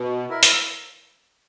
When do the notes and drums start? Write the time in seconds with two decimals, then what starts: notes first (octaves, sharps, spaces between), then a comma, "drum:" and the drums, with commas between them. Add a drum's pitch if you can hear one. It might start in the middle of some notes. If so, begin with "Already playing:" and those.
Already playing: B2
0.29 E4 A#4 E5
0.43 drum: hi-hat